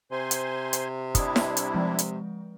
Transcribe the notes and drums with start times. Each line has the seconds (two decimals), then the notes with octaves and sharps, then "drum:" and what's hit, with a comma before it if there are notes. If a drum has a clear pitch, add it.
0.11 C3 C5 G#5 C6
0.31 drum: hi-hat
0.73 drum: hi-hat
1.15 G3 D4 E4 D#5 D#6, drum: kick, hi-hat
1.36 drum: snare E4
1.57 drum: hi-hat
1.74 F3 G#3 C4
1.99 drum: hi-hat